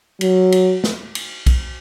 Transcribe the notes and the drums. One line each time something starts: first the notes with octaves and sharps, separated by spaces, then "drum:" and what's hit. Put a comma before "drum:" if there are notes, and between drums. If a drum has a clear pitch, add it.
F#3, drum: cymbal
drum: cymbal
drum: snare
drum: cymbal
drum: kick B1, cymbal